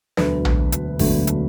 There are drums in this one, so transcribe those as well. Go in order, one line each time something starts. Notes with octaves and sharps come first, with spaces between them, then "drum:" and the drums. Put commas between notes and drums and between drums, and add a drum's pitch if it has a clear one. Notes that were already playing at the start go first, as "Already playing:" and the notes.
E1 D2 D3 F#3 A3 B4, drum: snare
drum: tom A#1
drum: hi-hat
E1 D2 D3 F#3 A3, drum: kick G1, open hi-hat
drum: hi-hat